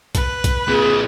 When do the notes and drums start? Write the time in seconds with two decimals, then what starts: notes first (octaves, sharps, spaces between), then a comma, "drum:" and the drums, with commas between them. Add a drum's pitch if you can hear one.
0.15 B4, drum: kick B1, hi-hat
0.44 drum: kick B1, hi-hat
0.68 A#2 C4 G#4